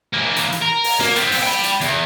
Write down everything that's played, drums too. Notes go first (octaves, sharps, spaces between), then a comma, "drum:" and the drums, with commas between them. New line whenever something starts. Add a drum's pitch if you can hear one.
E3 A#3
drum: hi-hat
drum: hi-hat
A#4
drum: open hi-hat
A#3, drum: snare
B3 C4, drum: hi-hat
drum: open hi-hat
G5 B5
drum: hi-hat
E2, drum: hi-hat